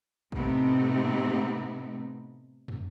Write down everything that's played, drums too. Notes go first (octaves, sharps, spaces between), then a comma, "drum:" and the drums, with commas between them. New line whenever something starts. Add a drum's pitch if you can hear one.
A2 C3 A3 B3 C4 D#4, drum: kick A1
drum: tom